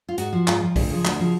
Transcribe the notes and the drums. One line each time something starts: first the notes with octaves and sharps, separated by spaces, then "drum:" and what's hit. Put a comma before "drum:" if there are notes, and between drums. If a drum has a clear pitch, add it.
F4
G#2 F#4, drum: hi-hat
F3
G#2 F4, drum: clap
F3
D2, drum: kick B1, open hi-hat
C#3 F3
D2 F#4, drum: clap
C#3 F3